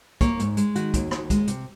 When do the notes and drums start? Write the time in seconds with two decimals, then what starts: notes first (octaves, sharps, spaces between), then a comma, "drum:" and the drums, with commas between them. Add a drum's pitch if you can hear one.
0.21 A#3 C#5, drum: kick, hi-hat
0.40 G#2, drum: hi-hat
0.57 G#3, drum: hi-hat
0.76 D#3 F#4, drum: hi-hat
0.94 D#2, drum: kick, hi-hat
1.11 D#2, drum: rim click
1.30 G#3, drum: kick, hi-hat
1.47 C3, drum: hi-hat